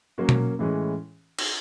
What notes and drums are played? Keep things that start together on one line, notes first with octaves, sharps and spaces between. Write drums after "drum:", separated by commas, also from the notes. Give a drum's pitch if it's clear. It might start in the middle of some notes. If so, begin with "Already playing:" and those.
F#3 A#3 C#4 F#4
drum: tom B2
A2 E3 G#3 C#4
drum: cymbal